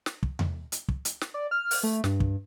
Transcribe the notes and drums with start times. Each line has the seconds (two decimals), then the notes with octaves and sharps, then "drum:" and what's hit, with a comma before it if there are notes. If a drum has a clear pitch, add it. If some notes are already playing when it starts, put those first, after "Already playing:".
0.06 drum: snare
0.23 drum: kick
0.39 drum: tom E2
0.72 drum: hi-hat
0.88 drum: kick
1.05 drum: hi-hat
1.21 drum: snare
1.34 D5
1.51 F6
1.71 drum: open hi-hat
1.83 A3
2.04 G2, drum: snare
2.20 drum: kick